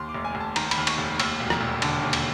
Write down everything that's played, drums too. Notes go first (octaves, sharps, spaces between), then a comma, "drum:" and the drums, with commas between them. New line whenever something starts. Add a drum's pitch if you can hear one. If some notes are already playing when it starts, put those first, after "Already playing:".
Already playing: D#2 C6
D6
F1
G#5
F1
A5
D#3 A#5, drum: cymbal
B5, drum: cymbal
D#2
C#6, drum: cymbal
F1
D#2 E6, drum: cymbal
E1
drum: rim click
E1
D3, drum: cymbal
D#2
drum: cymbal